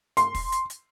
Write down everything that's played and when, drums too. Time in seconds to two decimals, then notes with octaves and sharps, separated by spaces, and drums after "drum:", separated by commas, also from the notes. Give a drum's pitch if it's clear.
0.17 C6, drum: hi-hat
0.35 drum: kick, open hi-hat
0.52 drum: hi-hat
0.70 drum: hi-hat